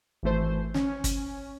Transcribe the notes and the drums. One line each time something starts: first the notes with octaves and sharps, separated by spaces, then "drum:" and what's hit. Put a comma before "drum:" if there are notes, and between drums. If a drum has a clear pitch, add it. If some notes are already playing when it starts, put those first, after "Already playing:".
G#1 E3 A3 C5
C#4, drum: snare
drum: kick, hi-hat